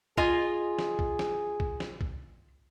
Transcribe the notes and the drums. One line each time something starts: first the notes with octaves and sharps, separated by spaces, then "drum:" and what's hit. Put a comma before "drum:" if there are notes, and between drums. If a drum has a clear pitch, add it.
F4 G#4 D#5 G#5, drum: kick B1
drum: snare
drum: kick B1
drum: snare
drum: kick B1
drum: snare
drum: kick B1